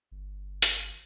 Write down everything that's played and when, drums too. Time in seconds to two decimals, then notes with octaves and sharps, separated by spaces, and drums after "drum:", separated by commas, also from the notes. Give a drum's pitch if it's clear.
0.11 G1
0.62 drum: hi-hat